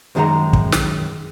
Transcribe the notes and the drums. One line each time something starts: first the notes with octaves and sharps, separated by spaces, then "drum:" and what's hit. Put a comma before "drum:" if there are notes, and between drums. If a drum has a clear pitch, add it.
F#2 D#3 G#3 G#4 F#5 A#5
drum: kick
drum: snare